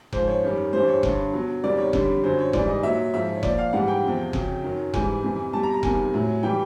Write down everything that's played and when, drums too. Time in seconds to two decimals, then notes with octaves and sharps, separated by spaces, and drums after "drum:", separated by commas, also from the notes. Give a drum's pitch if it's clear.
0.13 G#2 F3 C5, drum: kick F1
0.28 C#5
0.43 F#2 D#3 G3
0.73 G2 E3 G3 C5
0.88 C#5
1.03 G2 D3 G3, drum: kick F1
1.33 B2 F#3
1.63 E2 C3 D#3 G3 D5
1.78 C#5
1.93 F2 D3 G3, drum: kick F1
2.23 F#2 D3 F#3 C5
2.39 C#5
2.53 G#2 E3 G3 D5, drum: kick F1
2.68 D#5
2.83 A#2 F#3 E5
3.14 G#2 F3 E5
3.37 C#5
3.43 A#2 F3 D5, drum: kick F1
3.58 F5
3.73 G#2 E3 G3 F#5
3.88 G5
4.04 E2 C3 F3
4.33 F2 C#3 F#3, drum: kick F1
4.63 F#2 D#3 F#3
4.94 G#2 E3 G3 G#5, drum: kick F1
5.23 F2 C3 E3 G3
5.53 B2 G3 A5
5.63 A#5
5.74 A#5
5.83 E2 C3 D#3 G3 G#5, drum: kick F1
6.14 A2 F#3
6.43 E3 G3 G5